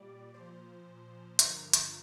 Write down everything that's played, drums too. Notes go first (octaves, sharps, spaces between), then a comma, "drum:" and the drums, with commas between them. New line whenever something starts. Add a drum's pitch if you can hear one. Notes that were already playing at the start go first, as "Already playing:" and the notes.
Already playing: A#2 G3 D5
A#2 F3 C5
G2 D3 F3 A#4, drum: hi-hat
drum: hi-hat